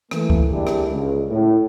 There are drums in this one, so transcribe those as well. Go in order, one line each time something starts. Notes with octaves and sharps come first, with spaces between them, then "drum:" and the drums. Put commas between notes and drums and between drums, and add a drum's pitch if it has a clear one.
E3 A3 A#3, drum: rim click
drum: kick C#2
D3 G#3 A#3 D4 E4 G4
drum: rim click
C#2
A2